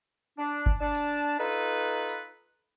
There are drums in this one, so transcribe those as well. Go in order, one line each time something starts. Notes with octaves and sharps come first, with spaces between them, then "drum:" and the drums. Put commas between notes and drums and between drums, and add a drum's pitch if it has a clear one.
D4
drum: kick G1
D4 A5
drum: tambourine
D#4 F4 A4 B4
drum: tambourine
drum: tambourine